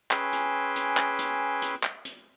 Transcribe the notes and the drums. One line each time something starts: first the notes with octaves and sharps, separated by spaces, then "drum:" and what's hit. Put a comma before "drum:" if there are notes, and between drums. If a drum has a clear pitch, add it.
C#4 G#4 B4 G5 C6 E6, drum: clap
drum: hi-hat
drum: hi-hat
drum: clap
drum: hi-hat
drum: hi-hat
drum: clap
drum: hi-hat